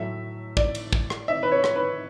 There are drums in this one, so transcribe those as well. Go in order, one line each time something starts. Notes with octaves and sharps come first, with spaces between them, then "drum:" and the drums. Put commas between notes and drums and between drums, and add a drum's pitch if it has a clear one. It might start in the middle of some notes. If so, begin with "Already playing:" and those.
Already playing: A2 F#3 A3 E5
D5, drum: kick
drum: cymbal
drum: kick
drum: rim click
E5
B4
C#5
drum: rim click
B4